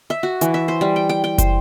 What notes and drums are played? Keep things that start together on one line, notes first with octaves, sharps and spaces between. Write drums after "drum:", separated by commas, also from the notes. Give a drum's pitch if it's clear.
E5
F#4
E3, drum: hi-hat
E5
C5
G3
G5
G5
G5
C5, drum: kick, hi-hat